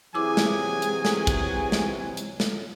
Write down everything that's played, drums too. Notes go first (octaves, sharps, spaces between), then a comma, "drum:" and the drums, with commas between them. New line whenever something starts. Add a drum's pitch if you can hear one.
C3 E3 F#3 E4 G#4 G#5 D6
drum: snare
drum: hi-hat
drum: snare
drum: kick, hi-hat
drum: snare
drum: hi-hat
drum: snare